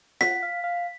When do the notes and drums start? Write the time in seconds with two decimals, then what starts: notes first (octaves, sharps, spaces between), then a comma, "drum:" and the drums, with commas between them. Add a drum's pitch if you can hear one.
0.21 F#5 B6, drum: snare F4
0.43 F5
0.64 F5